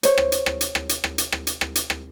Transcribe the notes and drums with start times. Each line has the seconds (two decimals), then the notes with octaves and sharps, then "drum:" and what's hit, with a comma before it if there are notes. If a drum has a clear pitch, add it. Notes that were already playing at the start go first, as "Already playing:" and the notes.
0.03 C5 C#5, drum: hi-hat
0.18 drum: rim click
0.32 drum: hi-hat
0.46 drum: rim click
0.61 drum: hi-hat
0.75 drum: rim click
0.89 drum: hi-hat
1.04 drum: rim click
1.18 drum: hi-hat
1.32 drum: rim click
1.47 drum: hi-hat
1.61 drum: rim click
1.75 drum: hi-hat
1.90 drum: rim click